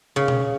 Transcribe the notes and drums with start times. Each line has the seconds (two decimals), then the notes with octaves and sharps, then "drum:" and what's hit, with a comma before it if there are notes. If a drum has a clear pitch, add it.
0.16 C#3
0.28 drum: tom B2